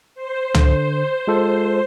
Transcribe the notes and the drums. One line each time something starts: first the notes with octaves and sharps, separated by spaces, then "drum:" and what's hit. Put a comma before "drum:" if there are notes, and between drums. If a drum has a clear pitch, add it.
C5
D3, drum: tom C#2
G#3 F4 A4